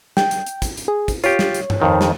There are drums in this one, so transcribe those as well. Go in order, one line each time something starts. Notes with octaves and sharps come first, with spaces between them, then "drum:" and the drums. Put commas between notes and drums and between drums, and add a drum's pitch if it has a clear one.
G5, drum: snare
drum: hi-hat
drum: hi-hat
drum: kick, hi-hat
drum: hi-hat
G#4
drum: kick, hi-hat
F4 G4 C#5, drum: hi-hat
drum: snare
drum: hi-hat
drum: tom G2
F2 D#3 C4
drum: snare